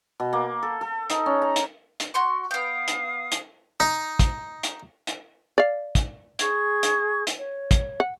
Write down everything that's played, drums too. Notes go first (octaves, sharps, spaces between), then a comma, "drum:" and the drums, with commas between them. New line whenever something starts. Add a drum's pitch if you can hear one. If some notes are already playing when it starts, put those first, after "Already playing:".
B2
A#3
A4
A4
D#4, drum: hi-hat
C#4
A#5
drum: hi-hat
drum: hi-hat
F#4 C6 C#6
B3 F5 G5 D#6
drum: hi-hat
drum: hi-hat
D#4
drum: kick, hi-hat
drum: hi-hat
drum: hi-hat
D5 F5
drum: kick, hi-hat
G#4 C#6 G#6, drum: hi-hat
drum: hi-hat
drum: hi-hat
C#5
drum: kick, hi-hat
F#5